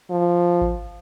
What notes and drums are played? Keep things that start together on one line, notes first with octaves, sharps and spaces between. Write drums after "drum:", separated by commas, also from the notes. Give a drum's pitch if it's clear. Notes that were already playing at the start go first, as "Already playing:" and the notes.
F3
drum: kick G#1